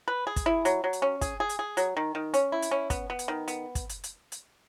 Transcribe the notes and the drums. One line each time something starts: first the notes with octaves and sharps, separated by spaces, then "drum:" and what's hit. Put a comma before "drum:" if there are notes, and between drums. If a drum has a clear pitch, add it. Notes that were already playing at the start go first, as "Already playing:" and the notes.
B4
G#4
drum: kick, hi-hat
E4
F#3, drum: hi-hat
F#3
drum: hi-hat
C#4
G#4, drum: kick, hi-hat
G#4
drum: hi-hat
G#4
F#3, drum: hi-hat
D#3
D#3
C#4, drum: hi-hat
E4
drum: hi-hat
C#4
B3, drum: kick, hi-hat
B3
drum: hi-hat
D#3
B3, drum: hi-hat
drum: kick, hi-hat
drum: hi-hat
drum: hi-hat
drum: hi-hat